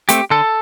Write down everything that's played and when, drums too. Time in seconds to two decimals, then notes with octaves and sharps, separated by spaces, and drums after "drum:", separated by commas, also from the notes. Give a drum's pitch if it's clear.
0.09 A3 C4 G4, drum: hi-hat
0.30 D3 A4